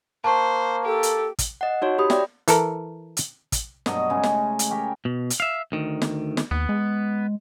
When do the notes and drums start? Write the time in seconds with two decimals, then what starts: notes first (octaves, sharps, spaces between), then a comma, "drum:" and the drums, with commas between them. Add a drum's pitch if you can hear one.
0.24 A#3 C5 A5 C#6
0.85 G4 A4
1.03 drum: hi-hat
1.39 drum: kick, hi-hat
1.61 D#5 F#5
1.82 D#4 F#4 C#5
1.99 G4 B5 D#6
2.10 D5 E5 G5, drum: snare
2.48 E3 A4 A#4, drum: hi-hat
3.17 drum: hi-hat
3.52 drum: kick, hi-hat
3.86 G2 B2 F#3 D#5, drum: snare
4.10 C#3 G#3 A3
4.23 drum: snare
4.59 drum: hi-hat
4.70 G4 A#4 C#5 G5
5.05 B2
5.30 drum: hi-hat
5.40 E5 F5
5.72 D2 D#3
6.02 drum: snare
6.37 drum: snare
6.51 D#2 B3
6.69 G#3